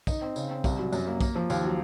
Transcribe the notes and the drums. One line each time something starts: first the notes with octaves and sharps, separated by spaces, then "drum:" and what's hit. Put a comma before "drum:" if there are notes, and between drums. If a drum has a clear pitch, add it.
D#4, drum: kick, tambourine
C4
C#3, drum: tambourine
C4
C2, drum: kick, tambourine
F#3
F#2, drum: tambourine
A#3
A#3, drum: kick, tambourine
F3
D#2, drum: tambourine
F#3